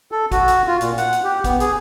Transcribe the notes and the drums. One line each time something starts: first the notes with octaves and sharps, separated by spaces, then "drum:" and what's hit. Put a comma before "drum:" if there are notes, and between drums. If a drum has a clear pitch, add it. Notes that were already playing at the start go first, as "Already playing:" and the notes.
A4
F#4, drum: kick, hi-hat
drum: hi-hat
F4
A#2, drum: hi-hat
F#5, drum: hi-hat
drum: hi-hat
G4
B3, drum: kick, hi-hat
G#4, drum: hi-hat